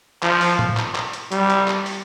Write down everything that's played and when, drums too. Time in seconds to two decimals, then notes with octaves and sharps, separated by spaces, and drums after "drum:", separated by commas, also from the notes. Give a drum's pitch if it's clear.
0.23 F3, drum: clap
0.41 drum: open hi-hat
0.59 drum: tom
0.77 drum: clap
0.95 drum: clap
1.13 drum: hi-hat
1.32 G3, drum: hi-hat
1.50 drum: hi-hat
1.68 drum: clap
1.86 drum: open hi-hat